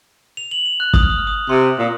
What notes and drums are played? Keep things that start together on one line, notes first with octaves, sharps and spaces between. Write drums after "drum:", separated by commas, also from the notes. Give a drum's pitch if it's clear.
F7
F#7
F7
F#6
D#6, drum: kick
F6
D#6
F6
D#6
C3 C6
A#2